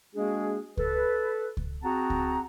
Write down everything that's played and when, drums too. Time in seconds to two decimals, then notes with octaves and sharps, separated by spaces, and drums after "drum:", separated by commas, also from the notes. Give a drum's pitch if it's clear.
0.15 G#3 A#3 D4 F#4 G#4
0.77 A4 B4, drum: kick C#2
1.57 drum: kick C#2
1.83 C4 F#4 G#4 F#5 A5 A#5
2.10 drum: kick C#2